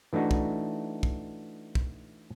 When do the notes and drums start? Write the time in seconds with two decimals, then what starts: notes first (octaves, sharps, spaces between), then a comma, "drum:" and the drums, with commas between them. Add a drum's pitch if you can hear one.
0.13 E3 A3 D4 D#4 F#4
0.31 drum: kick
1.03 drum: kick
1.75 drum: kick